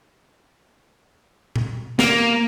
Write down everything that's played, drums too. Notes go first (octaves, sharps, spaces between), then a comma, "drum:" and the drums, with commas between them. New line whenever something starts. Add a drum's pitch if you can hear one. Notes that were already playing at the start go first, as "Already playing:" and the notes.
drum: tom A#2
A#3, drum: snare